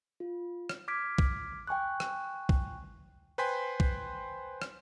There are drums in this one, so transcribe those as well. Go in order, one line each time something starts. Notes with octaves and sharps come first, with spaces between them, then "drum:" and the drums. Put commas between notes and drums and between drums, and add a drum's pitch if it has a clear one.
F4
drum: rim click
D6 F6 G#6 B6 D7
drum: kick
G5 G#5 C#6 F#6
drum: rim click
drum: kick
B4 C5 G5 G#5 C6 B6
drum: kick
drum: rim click